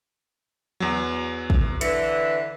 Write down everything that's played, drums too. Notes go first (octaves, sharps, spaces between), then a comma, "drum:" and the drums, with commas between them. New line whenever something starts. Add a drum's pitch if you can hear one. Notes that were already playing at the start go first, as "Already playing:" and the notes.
E2 F#3
drum: kick
D3 E3 C#7, drum: hi-hat